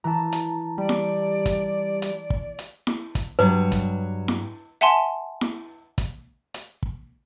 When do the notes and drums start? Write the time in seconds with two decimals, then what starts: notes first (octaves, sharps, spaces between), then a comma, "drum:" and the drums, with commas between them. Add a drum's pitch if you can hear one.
0.04 E3 E4 A5 A#5
0.32 drum: hi-hat
0.78 G3 D5
0.89 drum: snare E4
1.46 drum: kick, hi-hat
2.02 drum: hi-hat
2.30 drum: kick
2.59 drum: hi-hat
2.87 drum: snare E4
3.15 drum: kick, hi-hat
3.39 G2 F#3 B4
3.72 drum: kick, hi-hat
4.28 drum: snare E4
4.81 E5 F#5 G#5 A5 C6
5.41 drum: snare E4
5.98 drum: kick, hi-hat
6.54 drum: hi-hat
6.83 drum: kick